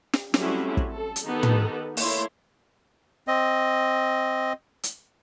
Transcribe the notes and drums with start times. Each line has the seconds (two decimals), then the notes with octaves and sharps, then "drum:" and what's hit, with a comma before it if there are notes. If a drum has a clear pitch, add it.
0.13 drum: snare
0.34 F#3 G3 A3 C4 C#4 E4, drum: snare
0.77 drum: kick
0.94 A4
1.16 drum: hi-hat
1.26 D#3 B3 D#4 G4 A4
1.43 drum: tom
1.97 A3 A#3 E4 C#5 C6, drum: open hi-hat
3.28 C4 D#5
4.83 drum: hi-hat